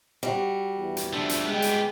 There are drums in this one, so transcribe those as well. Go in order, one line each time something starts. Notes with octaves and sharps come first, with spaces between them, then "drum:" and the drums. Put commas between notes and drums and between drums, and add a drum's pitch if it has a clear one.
G3 F#4
E2
drum: hi-hat
F3 A3 D4
drum: hi-hat
G#3 B3 G4
drum: hi-hat